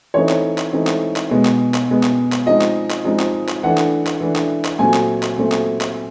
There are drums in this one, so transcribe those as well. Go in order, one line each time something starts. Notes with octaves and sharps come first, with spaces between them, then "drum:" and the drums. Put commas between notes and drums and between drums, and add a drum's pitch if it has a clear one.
E3 A3 C4 D#4 C#5
drum: clap
drum: clap
E3 A3 C4 D#4
drum: clap
drum: clap
B2 G#3 B3
drum: clap
drum: clap
B2 G#3 B3
drum: clap
drum: clap
F3 G#3 C4 D#4 D#5
drum: clap
drum: clap
F3 G#3 C4 D#4
drum: clap
drum: clap
E3 A3 D4 F#5
drum: clap
drum: clap
E3 A3 D4
drum: clap
drum: clap
A#2 F#3 A3 C4 G#5
drum: clap
drum: clap
A#2 F#3 A3 C4
drum: clap
drum: clap